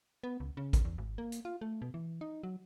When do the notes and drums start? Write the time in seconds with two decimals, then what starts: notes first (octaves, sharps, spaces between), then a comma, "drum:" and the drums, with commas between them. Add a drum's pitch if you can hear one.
0.23 B3
0.40 C#2
0.57 C#3
0.73 drum: kick A1, hi-hat
0.85 E2
0.98 G#1
1.18 A#3
1.32 drum: hi-hat
1.45 F4
1.61 A3
1.82 B2
1.94 E3
2.21 D#4
2.43 F#3